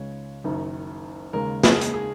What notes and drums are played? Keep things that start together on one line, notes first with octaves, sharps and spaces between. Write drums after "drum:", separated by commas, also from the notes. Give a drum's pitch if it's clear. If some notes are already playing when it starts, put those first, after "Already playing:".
Already playing: C#2 C#3 G#3 C#5
F#1 F#2 D#3
D#2 C#3 G#3 A#4
G#4, drum: snare
drum: hi-hat
G#4